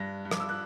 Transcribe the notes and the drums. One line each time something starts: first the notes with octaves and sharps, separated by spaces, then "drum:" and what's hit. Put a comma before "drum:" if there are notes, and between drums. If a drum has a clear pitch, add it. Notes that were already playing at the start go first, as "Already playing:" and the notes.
Already playing: G2 A#6
G2
D6, drum: rim click
E6
F#6